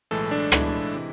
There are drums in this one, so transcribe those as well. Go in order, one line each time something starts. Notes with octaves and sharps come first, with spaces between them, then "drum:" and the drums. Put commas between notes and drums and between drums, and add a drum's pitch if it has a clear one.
B1 A2 E3 G#3 A4
D4
B1 A2 E3 G#3 E4, drum: rim click
C3 E3 G#3